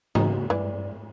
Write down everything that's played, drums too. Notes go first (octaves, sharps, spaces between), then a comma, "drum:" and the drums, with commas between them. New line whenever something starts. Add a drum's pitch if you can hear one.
C#3 A#3 D#4 F#4, drum: tom
G2 E3 D5